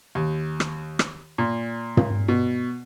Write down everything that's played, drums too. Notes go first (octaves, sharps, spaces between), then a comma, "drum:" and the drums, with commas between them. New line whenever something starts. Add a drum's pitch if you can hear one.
D#2
drum: rim click
drum: rim click
A#2
drum: tom
B2